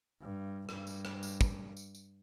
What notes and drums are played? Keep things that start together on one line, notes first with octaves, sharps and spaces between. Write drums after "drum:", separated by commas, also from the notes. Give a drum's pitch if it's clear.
G2
G2, drum: rim click
drum: tambourine
drum: rim click
drum: tambourine
drum: kick, tambourine
drum: tambourine
drum: tambourine